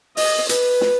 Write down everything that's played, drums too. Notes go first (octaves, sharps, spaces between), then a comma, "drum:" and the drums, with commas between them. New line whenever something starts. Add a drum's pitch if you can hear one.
D#5, drum: open hi-hat
B4, drum: hi-hat
drum: snare